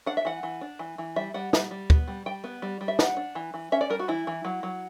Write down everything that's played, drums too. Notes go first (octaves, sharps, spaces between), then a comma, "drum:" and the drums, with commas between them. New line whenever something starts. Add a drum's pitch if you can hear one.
D4 F#5
E5
E3 F#5
E3
D4
E3
E3
G3 E5
G3 F#5
G3, drum: snare
G3
B3, drum: kick
G3
G3 G5
B3
G3
G3
E5
D4 F#5, drum: snare
D4
E3
E3
C#4 E5
D5
G3 A#4
F#4
E3 E4
E3
F#3
F#3